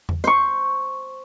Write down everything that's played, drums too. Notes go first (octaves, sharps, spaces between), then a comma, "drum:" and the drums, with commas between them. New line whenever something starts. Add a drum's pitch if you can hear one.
drum: tom E2
C5 C#6, drum: hi-hat